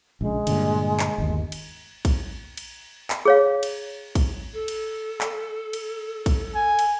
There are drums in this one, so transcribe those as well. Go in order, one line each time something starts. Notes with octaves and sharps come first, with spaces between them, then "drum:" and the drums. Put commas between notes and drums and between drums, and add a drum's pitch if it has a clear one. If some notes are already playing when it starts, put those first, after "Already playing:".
A#1 C#3 G#3
G2 A#2 D3, drum: cymbal
drum: clap
G1 D#2
drum: cymbal
drum: kick, cymbal
drum: cymbal
drum: clap
G#4 C#5 F5
drum: cymbal
drum: kick, cymbal
A4
drum: cymbal
drum: clap
drum: cymbal
drum: kick, cymbal
G#5
drum: cymbal